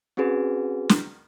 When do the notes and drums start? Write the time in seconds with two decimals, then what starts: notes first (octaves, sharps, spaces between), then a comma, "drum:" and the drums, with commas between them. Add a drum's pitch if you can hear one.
0.17 C4 C#4 F#4 G#4 B4
0.89 drum: snare